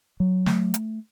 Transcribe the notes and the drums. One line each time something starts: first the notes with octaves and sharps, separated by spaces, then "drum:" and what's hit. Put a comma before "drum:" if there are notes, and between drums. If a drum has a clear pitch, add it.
F#3
A3, drum: snare
drum: hi-hat